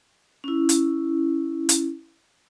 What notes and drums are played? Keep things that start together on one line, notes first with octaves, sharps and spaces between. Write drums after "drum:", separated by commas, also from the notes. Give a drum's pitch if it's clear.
C#4 E4
drum: hi-hat
drum: hi-hat